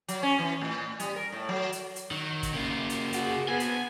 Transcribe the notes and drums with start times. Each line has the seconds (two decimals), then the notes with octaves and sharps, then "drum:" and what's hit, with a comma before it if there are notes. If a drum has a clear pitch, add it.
0.08 F#3, drum: hi-hat
0.23 C#4
0.39 E3
0.61 A2
1.00 G3, drum: hi-hat
1.16 A#4
1.32 A2
1.49 F#3
1.72 drum: hi-hat
1.96 drum: hi-hat
2.11 D#3 F#3
2.43 drum: kick, hi-hat
2.54 C#3 A#3 F4 G4
2.90 drum: hi-hat
3.13 F#4 G#4, drum: hi-hat
3.48 B3 C4 D4 G#5 G#6
3.60 drum: hi-hat